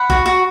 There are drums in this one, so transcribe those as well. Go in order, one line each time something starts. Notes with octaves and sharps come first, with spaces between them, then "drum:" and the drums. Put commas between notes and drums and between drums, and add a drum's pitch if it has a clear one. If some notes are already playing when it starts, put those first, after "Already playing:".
Already playing: F#5 B5
F#4, drum: kick A#1
F#4